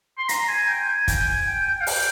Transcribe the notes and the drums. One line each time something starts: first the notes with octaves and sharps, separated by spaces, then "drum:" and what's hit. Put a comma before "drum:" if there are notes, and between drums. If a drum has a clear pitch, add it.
C6
A#5, drum: hi-hat
G#5
G5
G#5
G5, drum: kick, hi-hat
G#5
G5
G5
F5
G5, drum: open hi-hat